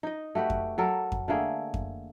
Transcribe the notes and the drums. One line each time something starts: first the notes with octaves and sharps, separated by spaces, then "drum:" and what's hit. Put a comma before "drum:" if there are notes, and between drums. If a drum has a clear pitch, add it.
D#4 D#5
A3 F#4 G4 B4
drum: kick F2
F#3 A4 A#4
drum: kick F2
D3 A3 A#3 G#4
drum: kick F2